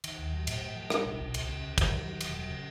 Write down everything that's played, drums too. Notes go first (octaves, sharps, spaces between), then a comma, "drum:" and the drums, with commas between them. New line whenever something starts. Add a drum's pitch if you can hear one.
D#3, drum: cymbal
D#2
F#3
A2, drum: cymbal
A2
F3
G3, drum: rim click
B1
B1
C#2, drum: cymbal
C#3
C#2
F#3, drum: kick, cymbal
D#3
F#3
E1, drum: cymbal
F#3
C#3